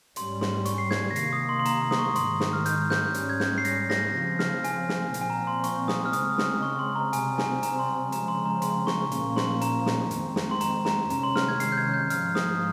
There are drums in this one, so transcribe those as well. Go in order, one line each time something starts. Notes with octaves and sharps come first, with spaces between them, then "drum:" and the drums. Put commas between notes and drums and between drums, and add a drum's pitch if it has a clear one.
G#2 G3 C#4 C6, drum: hi-hat
C6, drum: snare
C#6, drum: hi-hat
C7
G#6, drum: snare
A#6
C3 D#3 A#3 C7, drum: hi-hat
D#6
C6
C6
A#5, drum: hi-hat
A#5
C6
D#6, drum: snare
C#6
G#2 D#3 G#3 C6, drum: hi-hat
drum: snare
F6
G6, drum: hi-hat
G6, drum: snare
G#2 G3 C#4, drum: hi-hat
G#6
G6, drum: snare
C7
A#6, drum: hi-hat
A#6, drum: snare
C#3 F3 C4 A#6
F6, drum: snare
G#5, drum: hi-hat
drum: snare
A#2 F3 C4, drum: hi-hat
G#5
A#5
C6
C#6, drum: hi-hat
D#6, drum: snare
F6
C#3 G#3 C4 D#6, drum: hi-hat
drum: snare
C#6
C6
A#5
C3 G3 C4 G#5, drum: hi-hat
G#5, drum: snare
A#5, drum: hi-hat
C6
C#3 F3 G#3 C4 A#5, drum: hi-hat
C6
A#5
C6, drum: hi-hat
C#6, drum: snare
A#2 F3 A#3 C#4 C#6, drum: hi-hat
C6, drum: snare
A#5, drum: hi-hat
drum: snare
F2 D#3 G#3 C4, drum: hi-hat
drum: snare
C6
A#5, drum: hi-hat
A#5, drum: snare
C3 D#3 G#3 C#4 A#5, drum: hi-hat
C6
F6, drum: snare
G#6
C7, drum: hi-hat
G6
G#6
G6
G#2 F3 G#3 F6, drum: hi-hat
D#6, drum: snare